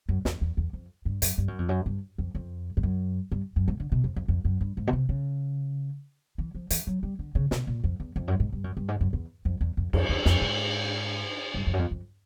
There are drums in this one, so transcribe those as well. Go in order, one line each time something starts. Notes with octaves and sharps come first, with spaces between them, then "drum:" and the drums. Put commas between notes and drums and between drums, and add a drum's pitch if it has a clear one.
F#2
E2, drum: snare
E2
E2
F2
G2
F#2, drum: hi-hat
G2
F#2
F2
F#2
G2
F2
F2
G2
F#2
G2
F#2
G#2
D3
B2
F2
F2
F2
F#2
G2
G#2
B2
C3
C#3
E3
F3
E3, drum: hi-hat
F#3
G3
D3
C#3
B2, drum: snare
A#2
F2
E2
F2
F#2
G#2
G2
F#2
G2
G#2
F#2
E2
F2
E2
F2
F2, drum: cymbal
E2
F2, drum: snare
G#2
G2
F2
F#2
F2
F2